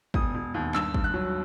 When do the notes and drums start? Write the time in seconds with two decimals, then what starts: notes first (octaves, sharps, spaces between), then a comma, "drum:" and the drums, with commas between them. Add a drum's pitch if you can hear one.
0.14 E1 D#6, drum: kick
0.35 E1
0.54 D#2
0.74 G2 E6, drum: clap
0.94 G2, drum: kick
1.04 F#6
1.14 F#3